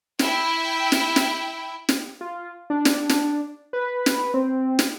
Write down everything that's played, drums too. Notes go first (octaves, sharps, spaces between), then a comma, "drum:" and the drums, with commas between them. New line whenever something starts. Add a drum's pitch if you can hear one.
E4 E5 G5, drum: snare
drum: snare
drum: snare
drum: snare
F4
D4
drum: snare
drum: snare
B4
drum: snare
C4
drum: snare